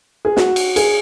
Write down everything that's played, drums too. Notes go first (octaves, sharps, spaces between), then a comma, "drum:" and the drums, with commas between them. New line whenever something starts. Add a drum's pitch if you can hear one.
G#4
F#4, drum: snare
drum: cymbal
G#4, drum: cymbal